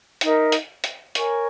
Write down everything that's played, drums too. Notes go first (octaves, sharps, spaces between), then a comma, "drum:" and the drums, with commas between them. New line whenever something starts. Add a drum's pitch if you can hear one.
D#4 A#4 E5, drum: hi-hat
drum: hi-hat
drum: hi-hat
A#4 C#5 G#5 C#6, drum: hi-hat